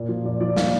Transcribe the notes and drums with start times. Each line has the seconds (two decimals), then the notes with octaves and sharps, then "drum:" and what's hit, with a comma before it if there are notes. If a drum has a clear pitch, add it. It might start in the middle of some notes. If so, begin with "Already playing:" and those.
Already playing: A#2
0.09 F3
0.25 A#2 D5
0.41 F3 D5
0.56 A#2 F5, drum: snare